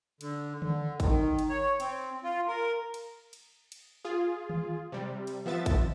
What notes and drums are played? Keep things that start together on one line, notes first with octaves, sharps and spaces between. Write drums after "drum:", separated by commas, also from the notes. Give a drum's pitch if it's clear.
D3, drum: cymbal
D3, drum: tom D3
D#3, drum: kick, cymbal
drum: cymbal
C#5
C4, drum: cymbal
F4
A#4
drum: cymbal
drum: cymbal
drum: cymbal
F4 G#4
drum: tom D#3
C3 G3
drum: cymbal
F3 B3 E5 A6
drum: kick, cymbal